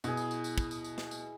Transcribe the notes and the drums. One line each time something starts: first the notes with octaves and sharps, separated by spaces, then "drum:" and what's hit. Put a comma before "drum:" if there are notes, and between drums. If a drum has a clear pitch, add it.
B2 E4 G#4, drum: tambourine
drum: tambourine
drum: tambourine
drum: tambourine
drum: kick, tambourine
drum: tambourine
drum: tambourine
drum: snare
drum: tambourine